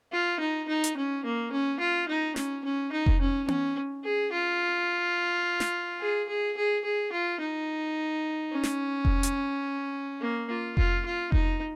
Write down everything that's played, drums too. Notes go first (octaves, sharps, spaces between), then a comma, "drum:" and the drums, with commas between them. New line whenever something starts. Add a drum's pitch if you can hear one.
F4
D#4
D#4
drum: hi-hat
C#4
A#3
C#4
F4
D#4
C#4, drum: snare
C#4
D#4
drum: kick F1
C#4
C#4, drum: tom B3
G#4
F4
drum: snare
G#4
G#4
G#4
G#4
F4
D#4
C#4
drum: snare
drum: kick F1
drum: hi-hat
A#3
F4
F4, drum: kick F1
F4
D#4, drum: kick F1